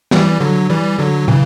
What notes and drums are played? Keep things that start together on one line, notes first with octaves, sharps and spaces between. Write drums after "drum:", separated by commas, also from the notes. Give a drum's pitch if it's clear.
E3 G3, drum: snare
D3 F#3
E3 G3
D3 F#3
C#3 E3, drum: tom